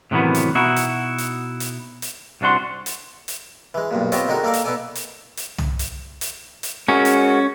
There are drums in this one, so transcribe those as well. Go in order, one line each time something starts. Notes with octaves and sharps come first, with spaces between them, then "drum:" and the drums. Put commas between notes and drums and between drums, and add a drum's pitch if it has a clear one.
A2 C3 D#3 E3 F#3 B3
drum: hi-hat
B2 D#4 E4 F#4
drum: hi-hat
drum: hi-hat
drum: hi-hat
drum: hi-hat
C2 C3 D4 F#4 C6
drum: hi-hat
drum: hi-hat
E3 G#3
B1 G2 A#2
B3 C4 F4 G4 C#5 D#5, drum: hi-hat
D3 D#3 G#3 D#4 F#4 A#4
A#3 A4 A#4 D5 F5
drum: hi-hat
B3 D#4 A4 D5 G#5
drum: hi-hat
drum: hi-hat
drum: tom
drum: hi-hat
drum: hi-hat
drum: hi-hat
G#3 C#4 F#4 A#4
drum: hi-hat